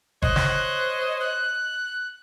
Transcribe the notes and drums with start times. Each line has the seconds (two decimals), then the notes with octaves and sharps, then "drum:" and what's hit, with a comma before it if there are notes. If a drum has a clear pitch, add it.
0.22 C5 C#5 D#5 F#6, drum: kick G1
0.36 drum: snare
1.20 F#6